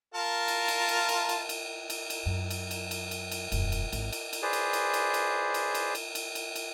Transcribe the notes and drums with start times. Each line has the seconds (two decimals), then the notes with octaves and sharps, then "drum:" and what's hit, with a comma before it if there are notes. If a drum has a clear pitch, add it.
0.14 F4 A#4 A5
0.48 drum: cymbal
0.68 drum: cymbal
0.88 drum: cymbal
1.09 drum: cymbal
1.29 drum: cymbal
1.49 drum: cymbal
1.90 drum: cymbal
2.10 drum: cymbal
2.26 F#2
2.50 drum: cymbal
2.71 drum: cymbal
2.91 drum: cymbal
3.11 drum: cymbal
3.31 drum: cymbal
3.52 E1 F#2, drum: cymbal
3.72 drum: cymbal
3.92 G#1, drum: cymbal
4.13 drum: cymbal
4.33 drum: cymbal
4.42 G#4 B4 C5 D5
4.53 drum: cymbal
4.73 drum: cymbal
4.94 drum: cymbal
5.14 drum: cymbal
5.54 drum: cymbal
5.75 drum: cymbal
5.95 drum: cymbal
6.15 drum: cymbal
6.35 drum: cymbal
6.56 drum: cymbal